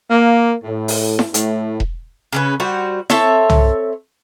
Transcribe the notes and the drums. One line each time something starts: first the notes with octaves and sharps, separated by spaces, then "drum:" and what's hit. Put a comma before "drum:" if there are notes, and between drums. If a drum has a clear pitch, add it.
A#3
A2
drum: open hi-hat
drum: snare E4
A2, drum: hi-hat
drum: kick E1
C#3 C#4 B4
G3 F#4 C5
C4 A4 C#5 E5, drum: snare E4
drum: tom